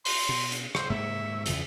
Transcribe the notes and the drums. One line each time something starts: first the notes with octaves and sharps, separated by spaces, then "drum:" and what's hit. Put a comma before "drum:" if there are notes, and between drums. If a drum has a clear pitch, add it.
C6, drum: open hi-hat
B2
drum: hi-hat
C5, drum: rim click
G#2 A#3 E5
E2 C#3 F3 E5, drum: hi-hat